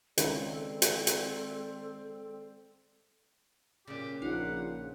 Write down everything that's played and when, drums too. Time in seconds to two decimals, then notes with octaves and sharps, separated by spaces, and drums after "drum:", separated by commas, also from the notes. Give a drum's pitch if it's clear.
0.18 C#2 D#3 G#3 C4 A4 D5, drum: hi-hat
0.82 drum: hi-hat
1.07 drum: hi-hat
3.87 A#2 C#3 G4
4.22 A#1 D#4 C5 F5 F#5